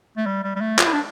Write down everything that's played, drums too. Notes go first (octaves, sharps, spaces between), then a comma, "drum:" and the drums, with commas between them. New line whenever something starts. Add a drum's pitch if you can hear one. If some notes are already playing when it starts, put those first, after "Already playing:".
A3
G3
G3
G3
A3
F4, drum: clap
E4
D4